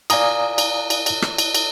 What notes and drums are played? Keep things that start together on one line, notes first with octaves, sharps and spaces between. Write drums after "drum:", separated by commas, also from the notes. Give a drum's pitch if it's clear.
D5 F5 G#5 A#5 D#6, drum: cymbal
drum: cymbal
drum: cymbal
drum: cymbal
drum: rim click
drum: cymbal
drum: cymbal